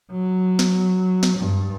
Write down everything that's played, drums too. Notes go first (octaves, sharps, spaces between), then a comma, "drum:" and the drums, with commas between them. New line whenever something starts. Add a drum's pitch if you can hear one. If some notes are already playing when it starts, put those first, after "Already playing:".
F#3
drum: snare
drum: snare
G2